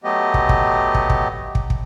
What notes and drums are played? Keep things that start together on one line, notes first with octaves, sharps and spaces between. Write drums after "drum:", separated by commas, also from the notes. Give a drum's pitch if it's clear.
F#3 A3 B3 G4 D#5
drum: kick
drum: kick
drum: kick
drum: kick
drum: kick
drum: kick